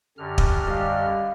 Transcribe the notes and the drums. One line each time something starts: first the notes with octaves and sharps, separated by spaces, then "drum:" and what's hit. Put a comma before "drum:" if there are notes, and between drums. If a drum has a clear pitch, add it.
F#2 D3 G4 F6
drum: kick
G3 D#5 F5